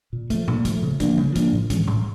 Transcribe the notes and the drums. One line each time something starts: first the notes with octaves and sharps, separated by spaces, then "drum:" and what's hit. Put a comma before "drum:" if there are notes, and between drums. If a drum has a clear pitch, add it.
A#2
F3 A3, drum: kick, hi-hat
A#2, drum: tom A#2
F3 A3, drum: kick, hi-hat
C#3
F3 A#3 D4, drum: kick, hi-hat
C#3, drum: tom
F3 A#3 D4, drum: kick, hi-hat
A2
E3 G#3 C#4, drum: kick, hi-hat
A2, drum: tom A#2